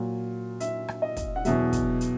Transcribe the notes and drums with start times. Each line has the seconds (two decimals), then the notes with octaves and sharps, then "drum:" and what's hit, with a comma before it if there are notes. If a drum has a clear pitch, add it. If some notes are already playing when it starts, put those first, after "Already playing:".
Already playing: A#2 F#3
0.60 E5, drum: hi-hat
0.88 drum: rim click
1.02 D#5
1.17 drum: kick, hi-hat
1.36 F#5
1.45 E2 B2 F#3 E5, drum: hi-hat
1.73 drum: kick, hi-hat
2.01 drum: hi-hat